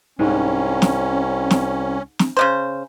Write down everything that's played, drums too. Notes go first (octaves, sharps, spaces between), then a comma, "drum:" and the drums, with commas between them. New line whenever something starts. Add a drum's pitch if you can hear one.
C2 G#2 C#4
drum: snare
drum: snare
drum: snare
C#3 G#3 C5